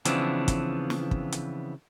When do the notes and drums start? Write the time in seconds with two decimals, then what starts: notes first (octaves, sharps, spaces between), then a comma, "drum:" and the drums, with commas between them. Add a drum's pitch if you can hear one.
0.05 C#3 E3 F3 B3 C4 D4, drum: hi-hat
0.48 drum: kick, hi-hat
0.90 drum: snare
1.11 drum: kick
1.32 drum: hi-hat